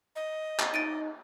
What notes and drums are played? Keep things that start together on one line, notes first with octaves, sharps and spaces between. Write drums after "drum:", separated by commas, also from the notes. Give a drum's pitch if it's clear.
D#5
drum: clap
D#4 A6 D7 D#7